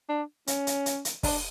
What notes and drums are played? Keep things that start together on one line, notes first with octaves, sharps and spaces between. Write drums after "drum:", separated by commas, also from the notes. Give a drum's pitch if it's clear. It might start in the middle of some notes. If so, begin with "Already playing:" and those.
D4
C#4, drum: hi-hat
drum: hi-hat
drum: hi-hat
drum: hi-hat
D4, drum: kick, open hi-hat